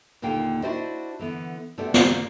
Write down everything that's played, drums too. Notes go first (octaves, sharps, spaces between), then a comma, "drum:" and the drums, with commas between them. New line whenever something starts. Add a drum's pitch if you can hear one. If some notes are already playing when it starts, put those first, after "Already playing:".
D#2 A#2 D3 A#3 G5
D4 E4 F#4 C5 D5 D#5
D3 E3 B3
C3 A3 B3 F#4 D5
C#3 A#3 C4, drum: snare